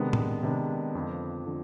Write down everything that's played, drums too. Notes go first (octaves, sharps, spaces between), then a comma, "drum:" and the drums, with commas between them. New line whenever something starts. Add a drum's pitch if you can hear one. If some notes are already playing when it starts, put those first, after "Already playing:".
Already playing: C3 D#3 G#3 B3 D4
drum: tom A2
C3 D#3 G#3 B3 D4
F2 D3 F3
D3 F3